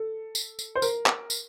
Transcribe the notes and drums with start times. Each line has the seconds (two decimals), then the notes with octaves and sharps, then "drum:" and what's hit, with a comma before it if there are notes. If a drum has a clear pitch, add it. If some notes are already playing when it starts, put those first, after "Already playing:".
Already playing: A4
0.35 drum: tambourine
0.59 drum: tambourine
0.75 C5
0.82 A#4, drum: tambourine
1.06 drum: clap
1.30 drum: tambourine